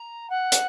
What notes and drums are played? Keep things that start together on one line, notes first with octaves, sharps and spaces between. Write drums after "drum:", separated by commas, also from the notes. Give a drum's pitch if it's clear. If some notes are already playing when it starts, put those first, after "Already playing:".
Already playing: A#5
F#5
drum: hi-hat